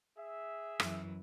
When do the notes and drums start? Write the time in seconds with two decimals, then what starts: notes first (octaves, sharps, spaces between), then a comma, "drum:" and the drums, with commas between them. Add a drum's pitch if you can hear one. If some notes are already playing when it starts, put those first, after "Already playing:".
0.18 G#4 E5
0.80 F#2 E3, drum: rim click